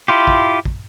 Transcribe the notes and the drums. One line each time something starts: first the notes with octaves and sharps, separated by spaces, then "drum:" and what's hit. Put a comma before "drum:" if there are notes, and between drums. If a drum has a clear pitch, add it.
E4 F4 G4
drum: kick
drum: kick